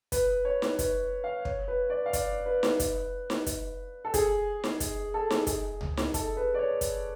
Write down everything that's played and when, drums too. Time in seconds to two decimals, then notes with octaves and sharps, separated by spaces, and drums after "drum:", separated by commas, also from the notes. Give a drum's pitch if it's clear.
0.12 B4, drum: kick, hi-hat
0.45 C#5
0.62 drum: snare D#4
0.79 B4, drum: kick, hi-hat
1.24 F5
1.45 C#5, drum: kick
1.68 B4
1.90 D5
2.06 F5
2.13 D5, drum: kick, hi-hat
2.46 B4
2.63 drum: snare D#4
2.80 drum: kick, hi-hat
3.30 drum: snare D#4
3.46 drum: kick, hi-hat
4.05 A4
4.14 G#4, drum: kick, hi-hat
4.64 drum: snare D#4
4.80 drum: kick, hi-hat
5.14 A4
5.30 drum: snare D#4
5.47 G#4, drum: kick, hi-hat
5.81 drum: tom C#2
5.97 drum: snare D#4
6.14 A4, drum: kick, hi-hat
6.37 B4
6.54 D5
6.59 C#5
6.81 drum: kick, hi-hat